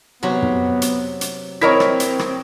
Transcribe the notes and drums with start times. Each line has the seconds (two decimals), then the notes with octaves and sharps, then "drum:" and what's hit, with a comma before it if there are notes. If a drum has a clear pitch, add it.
0.23 C3 F#3 B3 F#4
0.42 drum: tom
0.82 drum: hi-hat
1.21 drum: hi-hat
1.61 C4 E4 A#4 C#5 D#5 A#5 B6
1.80 drum: rim click
2.00 drum: hi-hat
2.19 drum: rim click